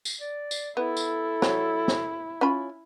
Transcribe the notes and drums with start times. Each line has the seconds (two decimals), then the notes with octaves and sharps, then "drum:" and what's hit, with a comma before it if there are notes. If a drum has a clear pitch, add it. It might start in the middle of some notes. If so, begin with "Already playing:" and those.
0.05 drum: tambourine
0.21 D5
0.51 drum: tambourine
0.77 B3 E4 A4
0.97 drum: tambourine
1.42 F#3, drum: snare
1.88 drum: snare
2.41 C#4 F4 B5